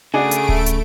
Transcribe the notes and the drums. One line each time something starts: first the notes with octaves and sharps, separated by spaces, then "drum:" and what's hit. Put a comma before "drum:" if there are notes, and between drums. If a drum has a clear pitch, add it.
C#3 A3 D4 F#4 G#4 D7
drum: hi-hat
drum: kick D1
drum: hi-hat